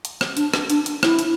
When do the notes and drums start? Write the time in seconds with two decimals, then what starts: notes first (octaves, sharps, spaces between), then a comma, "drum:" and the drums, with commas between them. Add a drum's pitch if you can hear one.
0.05 drum: hi-hat
0.21 drum: rim click
0.37 D4, drum: hi-hat
0.54 drum: rim click
0.70 D4, drum: hi-hat
0.86 drum: hi-hat
1.03 E4, drum: rim click
1.19 drum: hi-hat